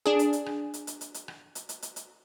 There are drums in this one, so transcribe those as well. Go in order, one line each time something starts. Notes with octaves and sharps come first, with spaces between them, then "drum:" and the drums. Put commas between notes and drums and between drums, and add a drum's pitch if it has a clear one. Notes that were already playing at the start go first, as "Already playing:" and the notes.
D4 G#4
drum: hi-hat
drum: hi-hat
drum: rim click
drum: hi-hat
drum: hi-hat
drum: hi-hat
drum: hi-hat
drum: rim click
drum: hi-hat
drum: hi-hat
drum: hi-hat
drum: hi-hat